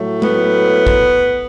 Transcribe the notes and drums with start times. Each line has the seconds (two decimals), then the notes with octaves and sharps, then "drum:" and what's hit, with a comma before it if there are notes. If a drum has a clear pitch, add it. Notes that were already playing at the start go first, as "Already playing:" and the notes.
Already playing: A2 F#3 A3
0.22 B3, drum: tom G#3
0.87 drum: kick